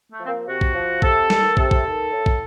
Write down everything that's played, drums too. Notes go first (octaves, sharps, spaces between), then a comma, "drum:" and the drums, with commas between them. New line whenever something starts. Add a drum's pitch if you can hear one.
A3
F3
C4
A#3
C3 F#4
drum: kick
F3
C3 A4, drum: kick
D#3, drum: snare
C3 A4, drum: kick
drum: kick
D#3
A2
drum: kick